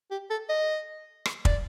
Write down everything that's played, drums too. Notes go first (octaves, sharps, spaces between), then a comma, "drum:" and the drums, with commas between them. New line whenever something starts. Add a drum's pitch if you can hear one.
G4
A4
D#5
drum: rim click
D5, drum: kick